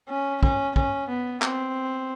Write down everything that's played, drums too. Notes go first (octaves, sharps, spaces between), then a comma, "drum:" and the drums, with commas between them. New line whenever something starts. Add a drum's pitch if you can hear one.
C#4
C#4, drum: kick
C#4, drum: kick
B3
C4, drum: clap